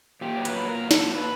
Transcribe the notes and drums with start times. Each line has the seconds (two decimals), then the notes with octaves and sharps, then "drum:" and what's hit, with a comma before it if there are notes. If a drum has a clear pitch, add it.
0.21 A#2 G4
0.37 F#3
0.45 B4, drum: hi-hat
0.53 A#2
0.68 A#2 A#4
0.84 F#3
0.91 A4, drum: snare
0.98 A#2
1.14 A#2 B4